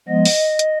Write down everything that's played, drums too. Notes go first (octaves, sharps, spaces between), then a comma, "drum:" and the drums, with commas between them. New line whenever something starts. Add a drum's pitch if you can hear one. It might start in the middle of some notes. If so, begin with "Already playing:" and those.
F3 G#3 B3 D#5
drum: open hi-hat
drum: hi-hat